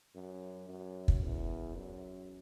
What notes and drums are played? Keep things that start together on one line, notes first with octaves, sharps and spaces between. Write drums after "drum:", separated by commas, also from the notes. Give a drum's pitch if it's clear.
F#2
F#2
drum: kick
E2
F#2